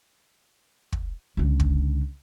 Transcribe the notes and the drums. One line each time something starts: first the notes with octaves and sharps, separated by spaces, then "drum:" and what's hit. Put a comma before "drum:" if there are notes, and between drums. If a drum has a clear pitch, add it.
drum: kick
C#2 D3
drum: kick